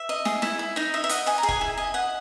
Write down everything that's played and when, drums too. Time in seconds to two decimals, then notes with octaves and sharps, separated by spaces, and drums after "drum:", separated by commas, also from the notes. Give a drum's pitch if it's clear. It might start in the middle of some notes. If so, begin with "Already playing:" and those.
Already playing: E5
0.09 D#5
0.25 G#4, drum: snare
0.42 E4, drum: snare
0.59 E4
0.76 D#4 D#5
0.94 D#5 E5
1.04 E5
1.09 D#5 F#5, drum: hi-hat
1.26 D#5 G#5
1.38 A#5
1.43 G#4
1.49 G#5, drum: kick F1
1.61 E4
1.77 D#5 G#5
1.94 D#5 F#5